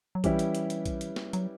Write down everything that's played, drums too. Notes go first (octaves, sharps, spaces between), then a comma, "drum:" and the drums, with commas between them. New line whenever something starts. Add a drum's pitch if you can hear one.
F#3
E3 G3 C#4 E4 G4 B4, drum: kick A#1, hi-hat
drum: hi-hat
drum: hi-hat
drum: hi-hat
drum: kick A#1, hi-hat
drum: hi-hat
drum: snare
F#3, drum: hi-hat